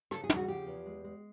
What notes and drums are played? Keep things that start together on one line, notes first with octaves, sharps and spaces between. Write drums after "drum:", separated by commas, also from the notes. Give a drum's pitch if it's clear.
C#3 A4, drum: rim click
G#4
C#3, drum: tom
F#4
F3 G4
E2
G#3
G#3